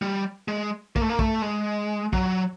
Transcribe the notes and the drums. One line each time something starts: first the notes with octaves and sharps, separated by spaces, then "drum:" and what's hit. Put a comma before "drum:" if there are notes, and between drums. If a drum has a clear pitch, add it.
G3
G#3
A#3, drum: kick
A3
A#3
A3, drum: kick
G#3
F#3, drum: kick